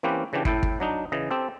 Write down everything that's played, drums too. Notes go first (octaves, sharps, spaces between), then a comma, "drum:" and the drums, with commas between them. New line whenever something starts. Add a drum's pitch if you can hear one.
E3 A#3 C4 C#4 G4 B4
C#3 E3 D4 G4
A2 E4 G5 A5, drum: kick
drum: kick
F#3 D4 D#4
C#3 E3 D#5
C4 G4 A4